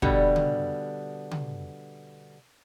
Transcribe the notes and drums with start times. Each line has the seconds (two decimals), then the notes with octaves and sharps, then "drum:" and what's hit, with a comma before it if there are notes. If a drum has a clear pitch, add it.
0.02 B2 D3 G3, drum: kick
0.36 drum: tom C#3
1.31 drum: tom C#3